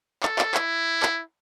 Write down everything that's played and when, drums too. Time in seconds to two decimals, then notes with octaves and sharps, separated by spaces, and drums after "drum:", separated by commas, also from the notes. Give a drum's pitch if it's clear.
0.23 A4, drum: clap
0.39 drum: clap
0.54 E4, drum: clap
1.03 drum: clap